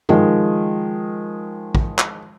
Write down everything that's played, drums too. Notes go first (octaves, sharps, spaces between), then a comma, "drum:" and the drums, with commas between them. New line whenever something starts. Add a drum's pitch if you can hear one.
D#3 F3 G#3, drum: tom G2
drum: kick
drum: clap